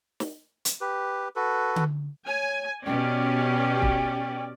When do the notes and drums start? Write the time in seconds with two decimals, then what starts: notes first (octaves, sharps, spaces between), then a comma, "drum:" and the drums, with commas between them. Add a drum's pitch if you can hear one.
0.20 drum: snare
0.65 drum: hi-hat
0.81 G4 B4
1.36 F#4 A4 B4
1.76 drum: tom D3
2.27 C#5 G#5
2.86 B2 C#4 G4 D5 G5
3.82 drum: kick